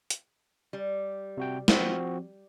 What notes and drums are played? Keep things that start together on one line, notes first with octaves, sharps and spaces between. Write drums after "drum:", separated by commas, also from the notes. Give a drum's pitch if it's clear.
drum: hi-hat
G3
C3 F#4 G5
F3 C4 F#4, drum: snare